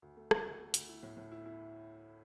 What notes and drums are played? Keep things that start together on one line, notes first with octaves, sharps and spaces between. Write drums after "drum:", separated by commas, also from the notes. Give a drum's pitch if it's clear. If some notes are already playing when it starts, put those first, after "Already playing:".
D2
A3
A3, drum: rim click
D2
A3
D2, drum: hi-hat
E4
A2
A2
E4
E4